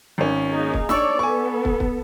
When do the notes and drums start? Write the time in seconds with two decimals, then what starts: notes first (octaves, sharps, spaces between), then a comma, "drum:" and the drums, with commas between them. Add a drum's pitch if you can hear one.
0.18 G#1 C#4
0.50 A#3 D#4 G#4
0.74 drum: kick
0.89 D4 C#5 D5 C#6 E6, drum: snare
1.19 B3 A4 G#5 C#6
1.65 drum: kick
1.80 drum: kick